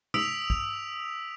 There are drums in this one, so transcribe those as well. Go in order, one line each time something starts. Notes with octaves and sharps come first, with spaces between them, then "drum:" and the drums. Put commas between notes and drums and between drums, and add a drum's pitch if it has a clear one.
D#6 E6 B6 D7 F7, drum: tom C3
drum: kick